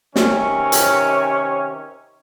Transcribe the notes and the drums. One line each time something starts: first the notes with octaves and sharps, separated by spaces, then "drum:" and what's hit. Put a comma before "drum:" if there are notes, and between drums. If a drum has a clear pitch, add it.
C3 D#3 C#4, drum: snare
drum: hi-hat